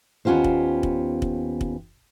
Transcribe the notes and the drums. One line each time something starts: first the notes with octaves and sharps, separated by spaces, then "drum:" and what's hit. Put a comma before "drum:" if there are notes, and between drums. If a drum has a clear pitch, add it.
D#2 B3 C#4 F4 G4 C5
drum: kick
drum: kick
drum: kick
drum: kick